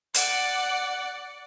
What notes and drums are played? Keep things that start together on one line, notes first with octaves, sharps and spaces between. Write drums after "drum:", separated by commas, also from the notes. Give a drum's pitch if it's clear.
D5 F#5, drum: hi-hat